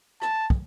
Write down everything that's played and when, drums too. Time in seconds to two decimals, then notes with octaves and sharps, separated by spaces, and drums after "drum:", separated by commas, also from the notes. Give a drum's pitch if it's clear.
0.22 A5, drum: rim click
0.50 drum: kick